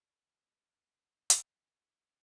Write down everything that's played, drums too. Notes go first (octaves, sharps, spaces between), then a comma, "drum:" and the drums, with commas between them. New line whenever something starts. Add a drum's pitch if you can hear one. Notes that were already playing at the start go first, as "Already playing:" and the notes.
C4 C#4 A#4 C#5 A#5
B2 G4 A#4 G#5 C6
drum: hi-hat